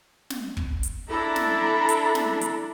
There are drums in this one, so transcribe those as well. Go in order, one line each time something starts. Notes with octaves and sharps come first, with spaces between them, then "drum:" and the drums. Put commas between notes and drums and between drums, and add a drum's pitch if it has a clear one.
drum: snare
drum: kick
drum: hi-hat
D4 E4 A4 A#5 B5
drum: snare
drum: hi-hat
drum: snare
drum: hi-hat